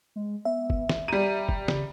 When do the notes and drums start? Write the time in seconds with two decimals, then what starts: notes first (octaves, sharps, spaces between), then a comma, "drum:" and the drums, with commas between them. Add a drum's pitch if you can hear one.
0.16 G#3
0.45 B3 E5
0.70 drum: kick
0.89 drum: snare
1.08 G3 A#5 D#7
1.49 drum: kick
1.68 C#3, drum: snare